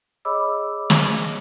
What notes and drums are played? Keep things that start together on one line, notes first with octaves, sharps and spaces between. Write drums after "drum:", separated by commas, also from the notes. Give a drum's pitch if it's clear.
G#4 C#5 D#5 B5 D6 E6
drum: snare